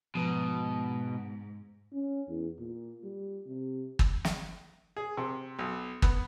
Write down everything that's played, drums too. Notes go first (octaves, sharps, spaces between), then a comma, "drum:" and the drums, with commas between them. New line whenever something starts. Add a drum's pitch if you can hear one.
G#2 B2 F3 B4 A#5
C#4
E2
A#2
G3
C3
drum: kick
drum: snare
G#4
C3
B1
B3, drum: kick